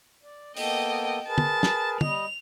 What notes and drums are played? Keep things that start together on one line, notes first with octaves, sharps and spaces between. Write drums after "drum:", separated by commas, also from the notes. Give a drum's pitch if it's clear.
D5
A#3 B3 A4 D#5 G5, drum: open hi-hat
G#4 A#4 B4 A5
drum: tom
drum: snare
G3 D#5 F7, drum: tom